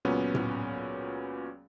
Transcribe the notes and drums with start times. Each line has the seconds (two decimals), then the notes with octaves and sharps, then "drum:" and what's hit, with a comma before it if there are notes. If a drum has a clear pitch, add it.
0.05 C#2 A#2 F#3 B3 C#4
0.35 drum: tom A2